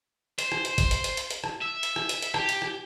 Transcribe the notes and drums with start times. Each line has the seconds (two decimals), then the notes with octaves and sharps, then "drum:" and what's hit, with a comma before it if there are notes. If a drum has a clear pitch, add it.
0.39 C5, drum: hi-hat
0.52 drum: rim click
0.65 drum: hi-hat
0.78 drum: kick, hi-hat
0.91 drum: hi-hat
1.04 drum: hi-hat
1.17 drum: hi-hat
1.31 drum: hi-hat
1.44 drum: rim click
1.62 E5
1.83 drum: hi-hat
1.96 drum: rim click
2.09 drum: hi-hat
2.22 drum: hi-hat
2.34 G4, drum: rim click
2.49 drum: hi-hat
2.62 drum: rim click